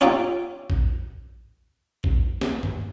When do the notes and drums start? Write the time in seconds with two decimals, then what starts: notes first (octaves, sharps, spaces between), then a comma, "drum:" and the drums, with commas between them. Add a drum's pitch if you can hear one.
0.01 C#4 D#4 F4 G4 E5 G5
0.70 drum: kick
2.04 drum: kick
2.41 drum: snare
2.63 drum: tom G2